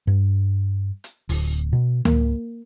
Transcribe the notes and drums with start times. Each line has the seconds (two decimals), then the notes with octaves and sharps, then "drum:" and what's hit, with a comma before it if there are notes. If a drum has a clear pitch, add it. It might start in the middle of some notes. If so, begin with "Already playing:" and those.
0.07 G2
1.04 drum: hi-hat
1.29 D1, drum: open hi-hat
1.73 B2
2.05 A#3, drum: tom C#2